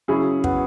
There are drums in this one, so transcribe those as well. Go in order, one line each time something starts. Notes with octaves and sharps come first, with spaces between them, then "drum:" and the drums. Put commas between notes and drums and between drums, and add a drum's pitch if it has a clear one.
C#3 F#3 C#4 E4 G#4
B3, drum: kick